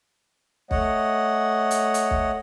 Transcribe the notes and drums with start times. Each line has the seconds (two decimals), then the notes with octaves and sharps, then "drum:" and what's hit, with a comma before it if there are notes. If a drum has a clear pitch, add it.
0.71 A3 C#5 D#5 F#5, drum: kick
1.71 drum: hi-hat
1.94 drum: hi-hat
2.11 drum: kick